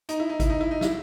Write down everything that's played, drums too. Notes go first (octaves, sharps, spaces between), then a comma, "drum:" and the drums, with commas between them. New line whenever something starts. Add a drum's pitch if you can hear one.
D#4, drum: hi-hat
E4
D#4
E4, drum: kick G#1, hi-hat
D#4
E4
D#4
E4, drum: snare